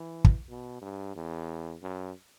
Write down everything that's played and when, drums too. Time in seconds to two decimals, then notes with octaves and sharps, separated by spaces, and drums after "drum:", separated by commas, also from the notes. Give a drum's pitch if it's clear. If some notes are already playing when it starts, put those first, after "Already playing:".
Already playing: E3
0.24 drum: kick
0.49 B2
0.81 G2
1.15 E2
1.83 F#2